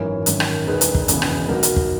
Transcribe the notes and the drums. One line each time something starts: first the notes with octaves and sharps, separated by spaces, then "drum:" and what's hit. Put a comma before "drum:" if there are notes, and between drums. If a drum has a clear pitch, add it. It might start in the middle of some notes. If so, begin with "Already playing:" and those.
Already playing: G#1 F#2 E3 A#4 C#5
G#1 F#2 D#3, drum: hi-hat
drum: rim click
E1 E2 D#3 G#4 B4
drum: hi-hat
drum: kick
E1 E2 C#3 E3, drum: hi-hat
drum: rim click
B1 B2 F#4 A#4
drum: hi-hat
drum: kick